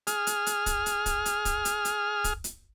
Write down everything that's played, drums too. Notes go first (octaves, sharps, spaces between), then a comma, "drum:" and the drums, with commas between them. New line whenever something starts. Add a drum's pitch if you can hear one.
G#4 F6, drum: hi-hat
drum: hi-hat
drum: hi-hat
drum: kick, hi-hat
drum: hi-hat
drum: kick, hi-hat
drum: hi-hat
drum: kick, hi-hat
drum: hi-hat
drum: hi-hat
drum: kick, hi-hat
drum: hi-hat